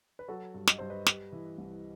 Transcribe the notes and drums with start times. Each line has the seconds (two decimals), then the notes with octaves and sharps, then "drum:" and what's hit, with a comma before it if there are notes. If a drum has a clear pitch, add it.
0.19 B4
0.28 F#3 F#4 A4
0.54 G2
0.67 D#5, drum: snare
0.79 G2 C5
0.90 B4 D#5
1.06 G3, drum: snare
1.32 E3
1.58 C2